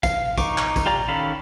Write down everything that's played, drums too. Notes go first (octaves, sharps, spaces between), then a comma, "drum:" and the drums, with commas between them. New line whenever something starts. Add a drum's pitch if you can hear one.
F5, drum: kick, tambourine
D#4 C#6 D6, drum: kick, tambourine
drum: clap
drum: kick, tambourine
F4 G4 D5 A#5
D#3 C#4 A4 F5 B5